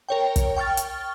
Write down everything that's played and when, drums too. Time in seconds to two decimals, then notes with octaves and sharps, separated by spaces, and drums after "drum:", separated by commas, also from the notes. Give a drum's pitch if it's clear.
0.09 A#4 C#5 G5
0.36 drum: kick, hi-hat
0.57 G5 C#6 F6 A6
0.77 drum: hi-hat